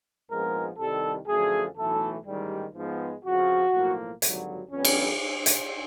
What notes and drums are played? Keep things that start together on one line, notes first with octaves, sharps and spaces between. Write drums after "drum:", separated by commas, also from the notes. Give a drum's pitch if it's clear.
A#1 G#2 F3 G#3 B3 A#4
C2 C3 D#3 G3 A4
F#2 D3 F3 A3 G#4
B1 A2 E3 A3 A4
A1 G#2 D#3 G3
G#2 F3 G#3 B3
F2 C#3 F3 F#4
B1 A2 F3 A#3
G#1 G2 D3 F#3, drum: hi-hat
F2 D3 G3 B3 C#4
drum: cymbal
drum: hi-hat